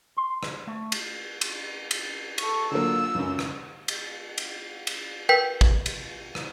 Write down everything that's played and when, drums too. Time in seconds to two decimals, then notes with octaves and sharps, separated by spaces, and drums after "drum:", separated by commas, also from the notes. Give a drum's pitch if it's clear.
0.17 C6
0.43 drum: rim click
0.67 A3
0.92 drum: cymbal
1.41 drum: cymbal
1.91 drum: cymbal
2.38 A4 C#6, drum: cymbal
2.71 D3 F#3 A#3 F4 E6
3.15 C#2 F#2
3.39 drum: rim click
3.88 drum: cymbal
4.38 drum: cymbal
4.87 drum: cymbal
5.29 A#4 B4 G5 G6 B6
5.61 drum: kick
5.86 drum: cymbal
6.35 drum: rim click